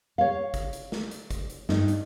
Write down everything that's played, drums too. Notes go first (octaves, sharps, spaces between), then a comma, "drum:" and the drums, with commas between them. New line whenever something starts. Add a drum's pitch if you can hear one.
C#5 F5
drum: kick G#1, hi-hat
drum: hi-hat
drum: snare
drum: hi-hat
drum: kick G#1, hi-hat
drum: hi-hat
G2 D#4, drum: snare
drum: hi-hat